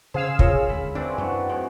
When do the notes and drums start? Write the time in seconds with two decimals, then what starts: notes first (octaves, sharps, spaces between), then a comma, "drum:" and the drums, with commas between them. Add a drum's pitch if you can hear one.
0.14 C#3 C#4 G#4 C5 F5 E6
0.39 F4 A#4 C#5, drum: kick
0.69 D#2 D3 G#3 B5
0.95 C#3 E3 C4 D4 A5
1.18 F#2 F#3 F#4
1.49 A2 D#3 G#3